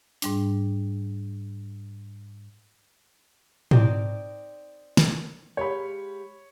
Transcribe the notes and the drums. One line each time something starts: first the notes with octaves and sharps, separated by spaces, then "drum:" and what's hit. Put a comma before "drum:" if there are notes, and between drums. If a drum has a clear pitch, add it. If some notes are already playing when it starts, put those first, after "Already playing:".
G#2 G3 D4, drum: hi-hat
C4 D#4 D5, drum: tom G#2
drum: snare
G#3 G4 C#5 F5 B5